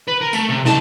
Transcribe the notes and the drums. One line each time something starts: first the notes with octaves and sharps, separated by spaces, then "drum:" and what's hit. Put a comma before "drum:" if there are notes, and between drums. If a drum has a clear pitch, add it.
B4
A#4
A3, drum: tambourine
C3
C#2 A5, drum: snare